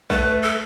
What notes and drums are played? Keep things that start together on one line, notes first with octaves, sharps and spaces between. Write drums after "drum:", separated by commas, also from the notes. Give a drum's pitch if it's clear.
A3 B4, drum: kick
A4